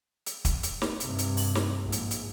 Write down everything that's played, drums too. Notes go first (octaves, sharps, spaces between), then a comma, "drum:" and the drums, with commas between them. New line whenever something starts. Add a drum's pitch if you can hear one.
drum: hi-hat
drum: kick, hi-hat
drum: hi-hat
drum: snare
G2 C3, drum: hi-hat
drum: hi-hat
drum: open hi-hat
drum: snare
A#1 G#2
drum: hi-hat
drum: hi-hat